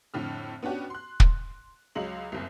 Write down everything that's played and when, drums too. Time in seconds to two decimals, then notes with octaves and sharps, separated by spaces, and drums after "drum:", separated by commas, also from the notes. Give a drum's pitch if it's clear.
0.14 F2 A2 D3 F6
0.63 B3 C#4 D4 F#4 G4
0.90 C6 F#6
1.20 drum: kick
1.95 C#2 F#3 G#3 F#7
2.32 F#1 C2